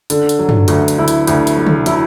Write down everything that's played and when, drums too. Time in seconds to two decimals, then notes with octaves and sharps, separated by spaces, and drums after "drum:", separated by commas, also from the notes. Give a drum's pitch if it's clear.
0.10 D3, drum: hi-hat
0.29 drum: hi-hat
0.39 F#3
0.49 drum: tom
0.68 D2 F#4, drum: hi-hat
0.88 drum: hi-hat
0.98 D2 E4
1.08 drum: hi-hat
1.27 D2, drum: hi-hat
1.47 drum: hi-hat
1.57 F#3
1.67 drum: tom
1.86 F#3 E4, drum: hi-hat